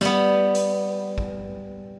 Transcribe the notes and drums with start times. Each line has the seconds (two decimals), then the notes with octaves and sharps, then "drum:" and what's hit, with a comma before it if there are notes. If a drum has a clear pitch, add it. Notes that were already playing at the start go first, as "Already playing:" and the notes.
0.01 G3 B3, drum: snare
0.55 drum: hi-hat
1.18 drum: kick A1